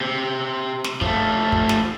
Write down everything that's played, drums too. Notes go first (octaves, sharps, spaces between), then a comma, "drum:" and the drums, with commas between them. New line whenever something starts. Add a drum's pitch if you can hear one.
C3
drum: snare
F3 A3, drum: kick
drum: kick
drum: snare